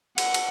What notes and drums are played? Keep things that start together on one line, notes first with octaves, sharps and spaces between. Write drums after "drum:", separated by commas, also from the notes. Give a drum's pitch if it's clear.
F#5, drum: cymbal
drum: cymbal